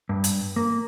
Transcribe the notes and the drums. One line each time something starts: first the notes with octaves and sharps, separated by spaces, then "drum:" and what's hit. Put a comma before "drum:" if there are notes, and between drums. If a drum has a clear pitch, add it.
G2
drum: hi-hat
A#3